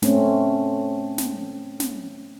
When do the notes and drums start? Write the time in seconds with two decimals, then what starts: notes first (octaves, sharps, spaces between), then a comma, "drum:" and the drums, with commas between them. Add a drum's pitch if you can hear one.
0.02 A3 C4 C#4, drum: snare
1.18 drum: snare
1.80 drum: snare